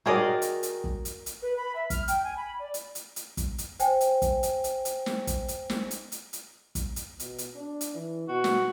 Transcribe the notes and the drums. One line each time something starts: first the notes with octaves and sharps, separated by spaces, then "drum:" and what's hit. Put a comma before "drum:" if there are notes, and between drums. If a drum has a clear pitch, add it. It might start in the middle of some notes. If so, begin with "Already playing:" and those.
D#3 F#4 G#4 A#4 D5 D#5
drum: hi-hat
drum: hi-hat
drum: kick
drum: hi-hat
drum: hi-hat
B4
B5
E5
F6, drum: kick, hi-hat
G5, drum: hi-hat
G#5
B5
D5
drum: hi-hat
drum: hi-hat
drum: hi-hat
drum: kick, hi-hat
drum: hi-hat
C5 G5 G#5, drum: hi-hat
drum: hi-hat
drum: kick, hi-hat
drum: hi-hat
drum: hi-hat
drum: hi-hat
drum: snare
drum: kick, hi-hat
drum: hi-hat
drum: snare
drum: hi-hat
drum: hi-hat
drum: hi-hat
drum: kick, hi-hat
drum: hi-hat
B2, drum: hi-hat
drum: hi-hat
D4
drum: hi-hat
E3
B2 F#4
drum: snare